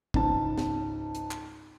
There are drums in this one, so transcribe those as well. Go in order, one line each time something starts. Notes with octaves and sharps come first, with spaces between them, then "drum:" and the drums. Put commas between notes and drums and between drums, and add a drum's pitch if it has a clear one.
C#2 G#2 A5, drum: kick
drum: snare
drum: hi-hat
drum: clap